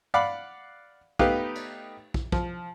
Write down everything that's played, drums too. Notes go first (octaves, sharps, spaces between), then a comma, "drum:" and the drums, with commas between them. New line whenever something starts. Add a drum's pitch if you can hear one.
D5 F5 F#5 B5
A3 B3 D#4 G4 B4 F5, drum: kick
drum: cymbal
drum: kick
F3, drum: kick